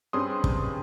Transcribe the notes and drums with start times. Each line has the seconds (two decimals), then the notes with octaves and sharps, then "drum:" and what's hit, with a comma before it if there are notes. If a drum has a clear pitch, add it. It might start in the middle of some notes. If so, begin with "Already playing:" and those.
0.13 G2 C4 C#4 G#4 C6 D#6
0.44 drum: kick